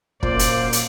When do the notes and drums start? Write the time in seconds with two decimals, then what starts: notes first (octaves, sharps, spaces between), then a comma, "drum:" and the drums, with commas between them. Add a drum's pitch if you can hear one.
0.23 F#2 A#2 A#3 C5 D5, drum: kick
0.39 drum: hi-hat
0.73 drum: hi-hat